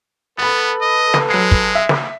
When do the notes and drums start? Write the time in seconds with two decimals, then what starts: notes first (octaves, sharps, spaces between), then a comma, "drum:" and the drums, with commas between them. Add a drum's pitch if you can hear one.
0.38 B3 A4 B4 B5 A6
0.81 D#5
1.14 drum: snare
1.29 F#3 G#3 C7
1.51 drum: kick
1.75 E5
1.89 drum: snare